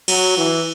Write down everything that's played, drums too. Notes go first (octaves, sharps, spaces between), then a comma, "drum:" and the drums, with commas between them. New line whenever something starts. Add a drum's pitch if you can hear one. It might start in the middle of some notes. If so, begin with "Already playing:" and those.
F#3, drum: cymbal
E3